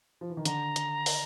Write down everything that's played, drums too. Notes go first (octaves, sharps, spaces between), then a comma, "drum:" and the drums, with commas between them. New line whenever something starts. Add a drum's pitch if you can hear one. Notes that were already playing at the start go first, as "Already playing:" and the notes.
F3
E3
D#3
D3 A#5, drum: hi-hat
drum: hi-hat
drum: open hi-hat